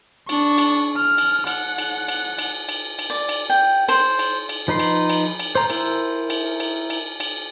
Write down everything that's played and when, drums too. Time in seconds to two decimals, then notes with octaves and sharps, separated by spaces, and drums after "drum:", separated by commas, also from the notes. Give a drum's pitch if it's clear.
0.29 D4 C#6, drum: cymbal
0.58 drum: cymbal
0.97 F6
1.18 drum: cymbal
1.47 F#5, drum: cymbal
1.78 drum: cymbal
2.08 drum: cymbal
2.39 drum: cymbal
2.69 drum: cymbal
2.99 drum: cymbal
3.10 D5
3.29 drum: cymbal
3.49 G5
3.88 C5, drum: cymbal
4.19 drum: cymbal
4.49 drum: cymbal
4.68 F3 D#4 B4 C6
4.79 drum: cymbal
5.09 drum: cymbal
5.40 drum: cymbal
5.55 C5 A#5
5.70 E4 A#4 C5, drum: cymbal
6.30 drum: cymbal
6.60 drum: cymbal
6.90 drum: cymbal
7.20 drum: cymbal